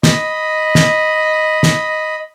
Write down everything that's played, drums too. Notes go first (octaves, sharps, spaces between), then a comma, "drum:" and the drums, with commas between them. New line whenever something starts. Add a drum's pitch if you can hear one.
D#5 B5, drum: snare
drum: snare
drum: snare